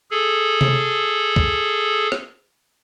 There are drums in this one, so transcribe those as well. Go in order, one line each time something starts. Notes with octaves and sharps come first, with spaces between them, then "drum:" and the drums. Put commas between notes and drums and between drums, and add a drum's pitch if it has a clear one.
G#4 A4
drum: tom C3
drum: kick
drum: rim click